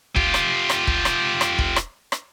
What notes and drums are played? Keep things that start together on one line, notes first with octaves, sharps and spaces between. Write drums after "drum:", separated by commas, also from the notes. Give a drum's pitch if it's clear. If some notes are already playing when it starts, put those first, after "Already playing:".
F4 G4, drum: kick
drum: rim click
drum: rim click
drum: kick
drum: rim click
drum: rim click
drum: kick
drum: rim click
drum: rim click